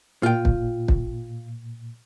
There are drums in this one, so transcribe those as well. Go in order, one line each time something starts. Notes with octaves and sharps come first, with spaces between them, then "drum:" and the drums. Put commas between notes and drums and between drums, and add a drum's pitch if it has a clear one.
A#2 F4 G5
drum: kick
drum: kick